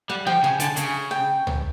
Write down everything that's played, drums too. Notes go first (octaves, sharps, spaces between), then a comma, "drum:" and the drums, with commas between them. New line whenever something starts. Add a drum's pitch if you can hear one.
G3 F#5
F3 G5
C#3 G#5
D3 A5, drum: hi-hat
C#3 G#5, drum: hi-hat
G5
drum: tom